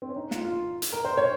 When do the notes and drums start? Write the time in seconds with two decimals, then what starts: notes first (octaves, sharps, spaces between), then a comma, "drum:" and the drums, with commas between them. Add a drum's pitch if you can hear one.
0.02 C4
0.09 C#4
0.16 D#4
0.31 F4, drum: snare
0.45 F4
0.82 drum: hi-hat
0.93 A#4
1.05 C5
1.17 C#5